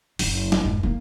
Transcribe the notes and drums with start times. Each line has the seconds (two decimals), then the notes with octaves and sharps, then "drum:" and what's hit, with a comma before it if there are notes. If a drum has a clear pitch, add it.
0.19 F#1, drum: open hi-hat
0.52 drum: snare
0.63 F1 G#2
0.83 A#3